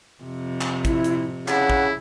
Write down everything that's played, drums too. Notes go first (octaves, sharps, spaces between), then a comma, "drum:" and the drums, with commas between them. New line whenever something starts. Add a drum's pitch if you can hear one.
F2 C3
drum: clap
E4, drum: kick, hi-hat
drum: hi-hat
C#3 E4 F#5, drum: clap
drum: kick